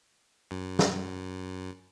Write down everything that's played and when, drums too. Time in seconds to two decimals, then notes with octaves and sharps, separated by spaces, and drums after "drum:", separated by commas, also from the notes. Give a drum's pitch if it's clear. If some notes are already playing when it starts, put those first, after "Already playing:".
0.51 F#2
0.79 drum: snare